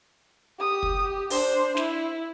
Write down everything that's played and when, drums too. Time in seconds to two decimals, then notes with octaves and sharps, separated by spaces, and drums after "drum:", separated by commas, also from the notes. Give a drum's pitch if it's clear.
0.59 G4 D#6
0.83 drum: kick
1.02 G4
1.30 D4 C5, drum: open hi-hat
1.77 E4, drum: snare